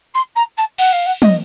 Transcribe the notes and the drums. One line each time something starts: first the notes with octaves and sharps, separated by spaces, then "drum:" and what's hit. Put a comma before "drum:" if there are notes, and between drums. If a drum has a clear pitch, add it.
C6
A#5
A5
F#5, drum: cymbal
F5
F#5
D#5, drum: tom